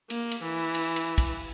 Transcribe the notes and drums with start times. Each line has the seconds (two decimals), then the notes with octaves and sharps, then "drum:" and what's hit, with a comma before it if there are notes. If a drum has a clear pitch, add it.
0.10 A#3, drum: cymbal
0.31 drum: cymbal
0.42 E3
0.75 drum: cymbal
0.96 drum: cymbal
1.18 drum: kick, cymbal